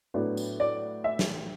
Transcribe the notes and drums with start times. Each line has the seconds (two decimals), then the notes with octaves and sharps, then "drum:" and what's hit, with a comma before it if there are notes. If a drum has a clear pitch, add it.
0.14 A2 F#3 B3 D4
0.37 drum: tambourine
0.60 D5
1.04 E5
1.19 drum: snare